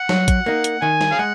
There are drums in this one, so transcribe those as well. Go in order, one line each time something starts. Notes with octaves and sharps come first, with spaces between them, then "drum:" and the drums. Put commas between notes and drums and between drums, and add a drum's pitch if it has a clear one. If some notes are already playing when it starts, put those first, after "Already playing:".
Already playing: F#5
F#3, drum: snare
drum: kick A1, hi-hat
A#3 D#4
drum: hi-hat
D#3 G#5
drum: snare
F5
G#3 F#5